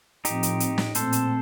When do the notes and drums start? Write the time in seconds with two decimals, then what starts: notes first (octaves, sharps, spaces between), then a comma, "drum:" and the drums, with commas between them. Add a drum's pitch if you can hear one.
0.25 A2 F3 C4 D#4 G4, drum: hi-hat
0.43 drum: hi-hat
0.60 drum: hi-hat
0.78 drum: snare
0.95 A#2 A3 C4 A4 C5, drum: hi-hat
1.12 drum: hi-hat